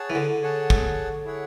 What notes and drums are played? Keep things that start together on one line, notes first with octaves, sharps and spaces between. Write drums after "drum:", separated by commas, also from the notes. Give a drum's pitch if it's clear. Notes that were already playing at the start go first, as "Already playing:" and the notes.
Already playing: G#4 C#5 F#5 A5
E3
D3
G#4 C#5 F#5 A5
drum: kick
E4 G#4 C#5 F#5